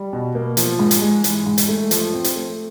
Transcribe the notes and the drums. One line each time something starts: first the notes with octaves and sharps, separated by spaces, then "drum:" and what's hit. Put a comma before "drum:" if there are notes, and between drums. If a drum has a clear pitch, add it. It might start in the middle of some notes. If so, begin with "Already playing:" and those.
Already playing: G3
B2
A#3
F3, drum: hi-hat
G#2
drum: hi-hat
G#3
E3, drum: hi-hat
G#2
drum: hi-hat
A3
F3, drum: hi-hat
C4
drum: hi-hat
A3